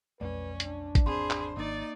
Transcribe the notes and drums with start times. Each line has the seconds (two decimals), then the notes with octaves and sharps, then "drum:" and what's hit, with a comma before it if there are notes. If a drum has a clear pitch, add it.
0.21 B1 F2 A3 C#4 B4 D5
0.60 D4, drum: hi-hat
0.95 drum: kick, hi-hat
1.06 G#1 E2 C4 G#4 C5 B5 C6
1.30 drum: clap
1.57 G#1 A#3 D#4 D5 A6